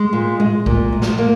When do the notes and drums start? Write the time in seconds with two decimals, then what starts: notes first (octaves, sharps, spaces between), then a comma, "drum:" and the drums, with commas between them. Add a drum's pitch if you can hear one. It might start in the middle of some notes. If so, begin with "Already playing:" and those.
Already playing: G#3
0.13 A#2
0.40 G#3
0.66 A#2, drum: kick A#1
0.92 G#3
1.02 drum: snare
1.18 A#3